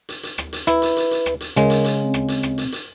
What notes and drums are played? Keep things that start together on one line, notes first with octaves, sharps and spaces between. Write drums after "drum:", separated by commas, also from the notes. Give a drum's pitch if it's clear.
drum: hi-hat
drum: hi-hat
drum: rim click
drum: hi-hat
E4 B4, drum: rim click
drum: hi-hat
drum: hi-hat
drum: hi-hat
drum: rim click
drum: hi-hat
C#3 G#3 A#4, drum: rim click
drum: hi-hat
drum: hi-hat
C4
drum: rim click
drum: hi-hat
drum: rim click
drum: hi-hat
drum: hi-hat